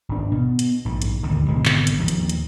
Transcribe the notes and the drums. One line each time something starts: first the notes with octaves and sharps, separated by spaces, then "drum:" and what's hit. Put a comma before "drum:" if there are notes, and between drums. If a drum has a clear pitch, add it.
G#1 D4
B2
drum: hi-hat
A#1 G#2
drum: hi-hat
D#1 D2 G2 D#3
G#1 B2 D3 G#3
drum: clap
drum: hi-hat
D#2 A#2 F3
drum: hi-hat
drum: hi-hat